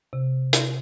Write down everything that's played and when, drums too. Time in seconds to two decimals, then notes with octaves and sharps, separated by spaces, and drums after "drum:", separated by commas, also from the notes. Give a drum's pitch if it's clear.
0.13 C3
0.53 drum: hi-hat